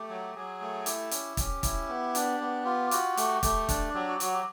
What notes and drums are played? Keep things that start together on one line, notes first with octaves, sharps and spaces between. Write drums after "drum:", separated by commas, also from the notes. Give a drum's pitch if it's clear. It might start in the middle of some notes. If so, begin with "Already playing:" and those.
Already playing: A3 G4
F#3
F#3 G#4
A3
E4 G4, drum: hi-hat
C#4, drum: hi-hat
C#4 G4, drum: kick, hi-hat
E4, drum: kick, hi-hat
B3
D4, drum: hi-hat
B3
F4
F#4 G4, drum: hi-hat
A3, drum: hi-hat
A3, drum: kick, hi-hat
D4, drum: kick, hi-hat
F#3 G4
F#4
G4
F#3 F#4, drum: hi-hat
G4